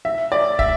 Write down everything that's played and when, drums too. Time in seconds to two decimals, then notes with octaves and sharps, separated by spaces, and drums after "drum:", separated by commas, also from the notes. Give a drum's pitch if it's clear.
0.05 E5
0.32 D5
0.59 E5, drum: kick